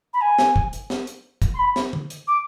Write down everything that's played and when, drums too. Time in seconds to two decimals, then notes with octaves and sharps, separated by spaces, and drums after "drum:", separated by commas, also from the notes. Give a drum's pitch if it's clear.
0.13 B5
0.21 G#5
0.39 drum: snare
0.56 drum: kick
0.73 drum: hi-hat
0.90 drum: snare
1.07 drum: hi-hat
1.42 drum: kick, hi-hat
1.54 C6
1.59 B5
1.76 drum: snare
1.93 drum: tom
2.10 drum: hi-hat
2.27 D6